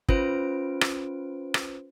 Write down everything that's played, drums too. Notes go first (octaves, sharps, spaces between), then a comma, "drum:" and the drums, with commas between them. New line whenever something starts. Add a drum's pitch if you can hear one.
C#4 F4 B4 C5 D7, drum: kick
drum: rim click
drum: rim click